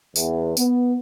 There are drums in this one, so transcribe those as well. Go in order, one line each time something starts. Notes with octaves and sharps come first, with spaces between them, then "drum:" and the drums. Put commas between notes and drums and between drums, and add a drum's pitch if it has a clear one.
E2, drum: tambourine
B3, drum: tambourine